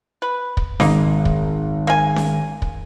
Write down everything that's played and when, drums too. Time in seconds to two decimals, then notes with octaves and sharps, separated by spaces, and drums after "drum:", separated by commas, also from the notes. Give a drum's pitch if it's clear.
0.22 B4
0.57 drum: kick
0.80 G#1 A#3 D#4, drum: snare C#4
1.25 drum: kick
1.87 A#3 G#5
2.16 drum: snare C#4
2.62 drum: kick